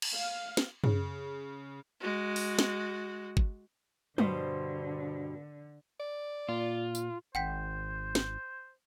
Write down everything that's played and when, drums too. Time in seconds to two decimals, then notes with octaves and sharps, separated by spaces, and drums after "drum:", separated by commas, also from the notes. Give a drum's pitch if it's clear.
0.02 drum: cymbal
0.14 F5
0.57 drum: snare
0.84 C#3, drum: tom
2.00 G#3 F#4
2.36 drum: open hi-hat
2.59 drum: snare
3.37 drum: kick
4.18 G2 B2 D3 B3 C5 C6, drum: tom
6.00 D5
6.49 A#2 F4
6.95 drum: tambourine
7.35 G#1 C5 F#5 G5 B6
8.15 drum: snare